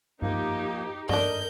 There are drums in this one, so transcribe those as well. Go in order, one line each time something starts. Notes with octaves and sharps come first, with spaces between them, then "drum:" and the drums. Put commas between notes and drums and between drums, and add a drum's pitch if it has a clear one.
F3 A#3 D#4 G4, drum: tom G2
D3 D4 A#4 D#5 G6, drum: tom G2